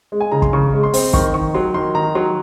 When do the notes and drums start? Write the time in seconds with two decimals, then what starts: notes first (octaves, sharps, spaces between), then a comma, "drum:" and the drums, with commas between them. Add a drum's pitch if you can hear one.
0.12 G#3
0.21 G#5
0.31 C#3 A#5
0.42 C6, drum: kick
0.53 C#3 C#6
0.73 G#3
0.83 C6
0.94 C4, drum: open hi-hat
1.14 D#3 C#6, drum: kick
1.34 D#3 C#6
1.54 F#3 C6
1.74 D#3 C6
1.95 D#3 A#5
2.15 F#3 C6